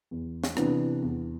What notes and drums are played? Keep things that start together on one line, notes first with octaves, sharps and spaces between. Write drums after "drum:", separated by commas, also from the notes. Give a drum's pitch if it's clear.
E2
drum: snare
C3 E3 B3 D4, drum: rim click
E2